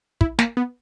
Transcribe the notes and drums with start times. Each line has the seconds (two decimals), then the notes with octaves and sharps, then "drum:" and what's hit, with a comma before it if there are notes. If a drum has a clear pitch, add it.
0.21 E4, drum: kick
0.39 A#3, drum: snare
0.57 B3